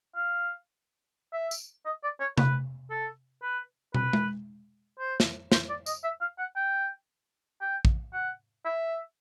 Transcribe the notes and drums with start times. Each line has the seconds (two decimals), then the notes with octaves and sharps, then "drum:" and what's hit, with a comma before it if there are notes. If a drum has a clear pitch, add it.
0.16 F5
1.33 E5
1.51 drum: tambourine
1.85 D#5
2.03 D5
2.20 C#5
2.38 B4, drum: tom C3
2.90 A4
3.42 B4
3.94 B4, drum: tom
4.13 drum: tom G#3
4.99 C5
5.20 drum: snare
5.52 C5, drum: snare
5.69 D5
5.86 D#5, drum: tambourine
6.04 E5
6.21 F5
6.38 F#5
6.56 G5
7.61 G5
7.85 drum: kick
8.13 F#5
8.65 E5